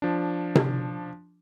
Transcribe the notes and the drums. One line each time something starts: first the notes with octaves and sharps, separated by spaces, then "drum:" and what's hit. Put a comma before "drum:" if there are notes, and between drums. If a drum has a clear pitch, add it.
F3 D4
drum: tom C3